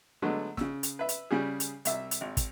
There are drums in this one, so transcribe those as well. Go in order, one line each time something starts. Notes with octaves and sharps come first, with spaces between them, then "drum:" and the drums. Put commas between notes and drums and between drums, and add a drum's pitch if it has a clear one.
D3 F#3 G#3 A3 B3
C#3 E6, drum: snare
drum: hi-hat
B4 E5
drum: hi-hat
C#3 G3 G#4
drum: hi-hat
C2 E5, drum: hi-hat
drum: hi-hat
G#1
drum: kick, hi-hat